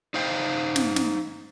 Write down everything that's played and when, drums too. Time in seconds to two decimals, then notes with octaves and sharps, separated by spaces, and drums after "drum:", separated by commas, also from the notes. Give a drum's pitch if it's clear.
0.14 D#4 C5 F5 G5
0.76 drum: snare
0.96 drum: snare